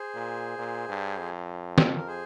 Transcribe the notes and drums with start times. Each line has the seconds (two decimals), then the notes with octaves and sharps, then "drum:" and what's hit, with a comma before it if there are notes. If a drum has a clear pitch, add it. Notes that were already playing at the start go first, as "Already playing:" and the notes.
Already playing: G#4 C5
0.14 A#2
0.58 A#2
0.89 G2
1.18 F2
1.78 drum: snare
1.96 A#4
2.07 G#4 C5